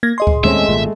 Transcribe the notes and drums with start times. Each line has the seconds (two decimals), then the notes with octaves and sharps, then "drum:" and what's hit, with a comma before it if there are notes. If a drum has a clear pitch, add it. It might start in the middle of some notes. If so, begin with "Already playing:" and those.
0.03 A#3 G#6 A#6
0.18 G#4 D#5 C6
0.27 drum: kick D2
0.44 D#2 G#3 A3 C4 C#4 E5
0.69 G#1 A#2